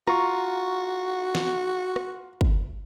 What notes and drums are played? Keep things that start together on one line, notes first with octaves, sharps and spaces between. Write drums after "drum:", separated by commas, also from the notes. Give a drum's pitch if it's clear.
F4 F#4 A#5 C#6, drum: rim click
drum: snare
drum: rim click
drum: kick